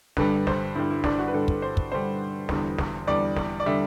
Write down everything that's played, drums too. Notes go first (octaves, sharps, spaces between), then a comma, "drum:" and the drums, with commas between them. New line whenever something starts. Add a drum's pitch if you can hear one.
G2 D3 G3 B4, drum: snare
C5, drum: snare
G2 D3 G3 E4
E4
D4, drum: snare
F#4
B4
G2 D3 G3 A4
drum: kick
C5
drum: kick
G2 D3 G3 C5
E2 D3 G3, drum: snare
drum: snare
E2 D3 G3 D5
drum: snare
D5
D3 G3 E5